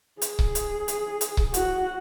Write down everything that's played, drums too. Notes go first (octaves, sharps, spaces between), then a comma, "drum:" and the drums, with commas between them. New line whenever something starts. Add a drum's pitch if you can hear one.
G#4, drum: hi-hat
drum: kick C#1
drum: hi-hat
drum: hi-hat
drum: hi-hat
drum: kick C#1
F#4, drum: hi-hat